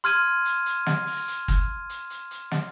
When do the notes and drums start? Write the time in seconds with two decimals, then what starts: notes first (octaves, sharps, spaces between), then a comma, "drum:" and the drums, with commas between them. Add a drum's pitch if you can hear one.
0.04 C6 F6 G#6 D#7, drum: hi-hat
0.45 drum: hi-hat
0.66 drum: hi-hat
0.86 drum: snare
1.07 drum: open hi-hat
1.28 drum: hi-hat
1.48 drum: kick, hi-hat
1.90 drum: hi-hat
2.10 drum: hi-hat
2.31 drum: hi-hat
2.51 drum: snare